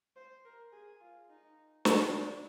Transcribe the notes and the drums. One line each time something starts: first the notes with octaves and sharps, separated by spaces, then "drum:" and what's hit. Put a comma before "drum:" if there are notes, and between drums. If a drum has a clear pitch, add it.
C5
A#4
G#4
F4
D#4
D4, drum: snare
D4